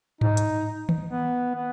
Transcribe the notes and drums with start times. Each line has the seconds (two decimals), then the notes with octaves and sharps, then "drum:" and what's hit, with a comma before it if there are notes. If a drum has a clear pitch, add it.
0.21 D#4, drum: tom G#2
0.37 drum: hi-hat
0.89 drum: tom D#3
1.10 B3
1.55 B3